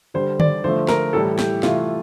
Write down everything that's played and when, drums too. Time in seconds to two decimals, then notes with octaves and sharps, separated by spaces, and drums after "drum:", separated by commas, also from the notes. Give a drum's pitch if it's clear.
0.14 D3 G3 C5
0.40 D5, drum: tom D3
0.64 D3 F3 A3 C5
0.88 A#4, drum: snare
1.13 A2 E3 G3 A4
1.39 G4, drum: snare
1.63 C3 E3 A3 F4, drum: snare